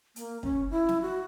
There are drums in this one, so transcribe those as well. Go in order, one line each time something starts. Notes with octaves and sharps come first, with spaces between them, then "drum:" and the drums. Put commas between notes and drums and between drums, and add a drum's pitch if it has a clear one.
A#3, drum: hi-hat
C#4, drum: kick
E4
drum: snare
F#4